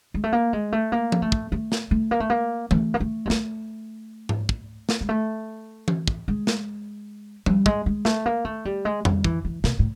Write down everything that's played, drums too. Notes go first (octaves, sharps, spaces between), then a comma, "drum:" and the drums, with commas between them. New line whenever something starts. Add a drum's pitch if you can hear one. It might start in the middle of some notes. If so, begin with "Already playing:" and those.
G#3
A3
A#3
G#3
A3
A#3
drum: tom F3
A3
drum: kick
A3
drum: snare
A3
A#3
A3
A#3
A3, drum: tom E3
A#3
A3
G#3
A3, drum: snare
drum: tom G#2
drum: kick
drum: snare
G#3
A3
drum: tom E3
drum: kick
G#3
drum: snare
G3, drum: tom F3
G#3, drum: kick
G#3
A3, drum: snare
A#3
A3
G3
G#3
G3, drum: tom F2
E3, drum: kick
E3
B2, drum: snare
A2